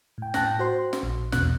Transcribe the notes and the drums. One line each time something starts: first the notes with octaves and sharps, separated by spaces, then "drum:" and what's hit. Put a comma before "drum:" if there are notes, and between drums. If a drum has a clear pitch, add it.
A2 G5
A2 G5 A5 F#6 A#6, drum: snare
F#4 C5 C6
drum: snare
A#1
E2 B2 F#6, drum: snare